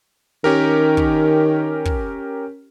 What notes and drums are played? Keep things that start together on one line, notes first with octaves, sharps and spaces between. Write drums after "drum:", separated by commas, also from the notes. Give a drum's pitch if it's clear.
D#3 C#4 G4 A#4
drum: kick
drum: kick